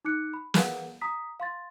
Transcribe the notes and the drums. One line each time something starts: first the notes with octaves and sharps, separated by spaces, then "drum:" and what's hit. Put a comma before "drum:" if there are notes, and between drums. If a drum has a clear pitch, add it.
D#4 D6 F#6 C#7
B5
G#4 A#4 B4 F5 F#5, drum: snare
A#5 D#6 B6
F5 C6 A6